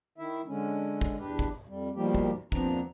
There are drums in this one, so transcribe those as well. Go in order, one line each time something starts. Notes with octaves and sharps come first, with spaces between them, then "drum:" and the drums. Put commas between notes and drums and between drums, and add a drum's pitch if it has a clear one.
D#3 E4 E5
D3 G#3 C#4
drum: kick
E2 D4 G4 B4
drum: kick
F2 G3
B2 D#3 F3 G3 A#3 G4
drum: kick
D#2 F3 B3 C4 D4 A#5, drum: kick